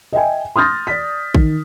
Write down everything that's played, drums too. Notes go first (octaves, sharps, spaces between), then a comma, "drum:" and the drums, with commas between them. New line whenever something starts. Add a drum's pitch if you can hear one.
D#5 E5 G5 G#5
C6 D#6 F6 G6 A6 A#6
D5 B6
D#3, drum: kick